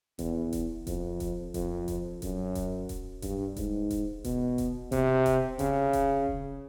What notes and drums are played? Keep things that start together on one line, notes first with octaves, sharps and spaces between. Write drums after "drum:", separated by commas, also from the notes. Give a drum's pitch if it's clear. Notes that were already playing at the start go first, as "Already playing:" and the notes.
E2, drum: kick D#1, hi-hat
drum: kick D#1, hi-hat
F2, drum: kick D#1, hi-hat
drum: kick D#1, hi-hat
F2, drum: kick D#1, hi-hat
drum: kick D#1, hi-hat
F#2, drum: kick D#1, hi-hat
drum: kick D#1, hi-hat
drum: kick D#1, hi-hat
G2, drum: kick D#1, hi-hat
G#2, drum: kick D#1, hi-hat
drum: kick D#1, hi-hat
B2, drum: kick D#1, hi-hat
drum: kick D#1, hi-hat
C3, drum: kick D#1, hi-hat
drum: kick D#1, hi-hat
C#3, drum: kick D#1, hi-hat
drum: kick D#1, hi-hat
drum: kick D#1